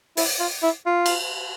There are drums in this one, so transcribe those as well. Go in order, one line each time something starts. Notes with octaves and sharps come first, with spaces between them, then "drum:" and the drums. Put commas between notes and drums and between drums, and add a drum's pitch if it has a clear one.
E4, drum: open hi-hat
F4
E4
F4
drum: cymbal